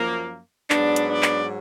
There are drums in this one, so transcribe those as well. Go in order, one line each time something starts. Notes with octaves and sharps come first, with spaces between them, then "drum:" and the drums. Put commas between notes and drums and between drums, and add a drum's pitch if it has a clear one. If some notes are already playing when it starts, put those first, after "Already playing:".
Already playing: F#2 F3 A#3
G#2 F#3 B3 D4 D5, drum: clap
drum: hi-hat
D4 D5
drum: clap